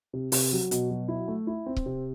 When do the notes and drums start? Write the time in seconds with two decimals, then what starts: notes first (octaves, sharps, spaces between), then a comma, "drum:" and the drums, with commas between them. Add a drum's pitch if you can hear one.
0.13 C3
0.32 C3, drum: open hi-hat
0.52 F#3
0.71 B2, drum: hi-hat
0.90 F#3
1.08 E4
1.28 A3
1.47 E4
1.66 C4
1.76 drum: kick C#1
1.86 C3